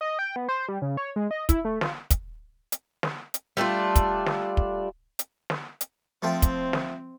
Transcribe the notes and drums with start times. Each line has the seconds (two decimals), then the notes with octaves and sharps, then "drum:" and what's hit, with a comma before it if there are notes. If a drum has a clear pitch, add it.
0.01 D#5
0.19 G5
0.36 B3
0.49 C5
0.69 G3
0.82 C#3
0.97 C#5
1.16 G#3
1.31 D#5
1.49 E4, drum: kick, hi-hat
1.65 A3
1.81 F4, drum: snare
2.10 drum: kick, hi-hat
2.72 drum: hi-hat
3.03 drum: snare
3.34 drum: hi-hat
3.57 G3 A3 D4 F4
3.96 drum: kick, hi-hat
4.26 drum: snare
4.57 drum: kick
5.19 drum: hi-hat
5.50 drum: snare
5.81 drum: hi-hat
6.22 F3 A3 C4 G5
6.42 drum: kick, hi-hat
6.73 drum: snare